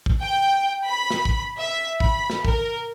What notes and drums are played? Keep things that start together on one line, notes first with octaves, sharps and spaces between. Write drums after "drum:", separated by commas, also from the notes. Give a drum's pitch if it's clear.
drum: kick
G5
B5
drum: snare
drum: kick
E5
B5, drum: kick
drum: snare
A#4, drum: kick